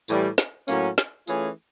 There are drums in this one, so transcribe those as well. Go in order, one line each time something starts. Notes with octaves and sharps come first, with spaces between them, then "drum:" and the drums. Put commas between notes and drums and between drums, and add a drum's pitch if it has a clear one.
A2 E3 G3, drum: tambourine
drum: snare
A2 F#3 A#3 C#4, drum: tambourine
drum: snare
E3 A3 C#4 F4 G#4, drum: tambourine